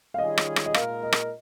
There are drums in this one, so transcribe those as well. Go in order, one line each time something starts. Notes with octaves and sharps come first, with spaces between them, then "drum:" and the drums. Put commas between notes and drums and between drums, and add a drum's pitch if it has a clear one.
F5
D#3 G3 C#4 F4 G#4 D#5
drum: rim click
drum: rim click
D#5
A#2 G#3 D#4 A#4 F5, drum: rim click
D#5
drum: rim click